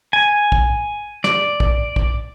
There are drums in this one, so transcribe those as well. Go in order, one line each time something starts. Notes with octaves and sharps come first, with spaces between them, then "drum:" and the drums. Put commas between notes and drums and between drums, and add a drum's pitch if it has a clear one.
G#5
drum: kick
D5, drum: snare
drum: kick
drum: kick